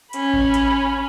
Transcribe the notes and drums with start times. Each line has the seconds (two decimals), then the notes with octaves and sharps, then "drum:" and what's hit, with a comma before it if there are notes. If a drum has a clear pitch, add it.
0.13 C#4 B5, drum: hi-hat
0.34 drum: kick A1
0.54 drum: hi-hat